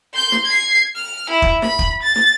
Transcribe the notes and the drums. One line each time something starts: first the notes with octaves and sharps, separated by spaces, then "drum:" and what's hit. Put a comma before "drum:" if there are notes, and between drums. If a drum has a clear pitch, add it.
C6 G6
drum: snare
G#6 C7
F6
E4
drum: kick
B5, drum: snare
drum: kick
A6
drum: snare